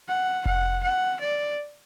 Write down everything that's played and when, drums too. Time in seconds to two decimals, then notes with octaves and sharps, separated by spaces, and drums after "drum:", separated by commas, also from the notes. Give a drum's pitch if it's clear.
0.08 F#5
0.46 F#5, drum: kick F1
0.83 F#5
1.20 D5